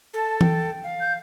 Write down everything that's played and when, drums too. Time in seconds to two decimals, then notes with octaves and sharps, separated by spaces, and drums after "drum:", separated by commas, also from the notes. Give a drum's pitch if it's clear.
0.14 A4 A5
0.41 G5, drum: tom E3
0.84 F5
1.00 G6